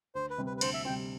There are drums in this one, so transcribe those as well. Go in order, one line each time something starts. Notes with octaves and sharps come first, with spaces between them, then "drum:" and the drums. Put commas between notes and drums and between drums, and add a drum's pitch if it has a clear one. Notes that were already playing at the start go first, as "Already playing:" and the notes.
D2 C5
B4
C3 G3 C4
B4
B4
D2 C5, drum: cymbal
E5
C3 G3 C4 G5